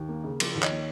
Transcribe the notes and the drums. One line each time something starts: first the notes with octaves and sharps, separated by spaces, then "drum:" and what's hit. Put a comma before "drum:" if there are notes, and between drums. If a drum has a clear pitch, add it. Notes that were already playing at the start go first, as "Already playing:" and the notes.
Already playing: D#2
A#3
C#3
F3, drum: cymbal
D#2
C#5 D#5, drum: clap
A#3